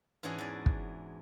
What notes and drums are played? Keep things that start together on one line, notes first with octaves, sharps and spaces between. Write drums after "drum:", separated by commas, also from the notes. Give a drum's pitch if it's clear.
G#2 E3 C#4 D4 F#4 G#4
E2 D5
drum: kick